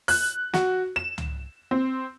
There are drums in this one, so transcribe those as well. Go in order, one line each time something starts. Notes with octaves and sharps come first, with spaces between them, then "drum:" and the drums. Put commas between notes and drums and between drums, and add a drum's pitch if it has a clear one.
F#6, drum: open hi-hat
F#4, drum: snare
E7
drum: tom
C4